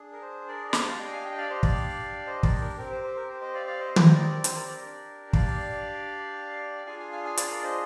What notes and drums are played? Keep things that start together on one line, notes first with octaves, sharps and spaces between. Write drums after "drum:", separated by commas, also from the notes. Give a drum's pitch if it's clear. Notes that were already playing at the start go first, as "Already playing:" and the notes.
Already playing: D4 G#4
A#4
C5
A#4 D5
D5
D4 G4 C5 D#5, drum: snare
D5 F5
D#5 G5
F5 G#5
D#5 G5
D5 F5
C5 D#5
D5 F5, drum: kick
C5 D#5
A#4 D5, drum: kick
A#4
C4 G4 A#4
C5
C5
A#4
C5
C5 D#5
D5 F5
D5 F5
C5 D#5
C5 D#5, drum: tom
A#4 D5
A#4 D5
C5, drum: hi-hat
A#4 D5
A#4 D5
D4 G4
D5 F5, drum: kick
D4 F4 G#4 F5 G#5
F5 G#5
F5 G#5
F5 G#5
D5 F5, drum: hi-hat
A#4 D5
C5 D#5